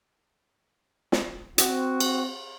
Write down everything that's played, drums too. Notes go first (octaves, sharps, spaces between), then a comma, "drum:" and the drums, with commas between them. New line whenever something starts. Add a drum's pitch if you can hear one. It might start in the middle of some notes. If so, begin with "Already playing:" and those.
drum: snare
C4 F#4, drum: hi-hat
drum: cymbal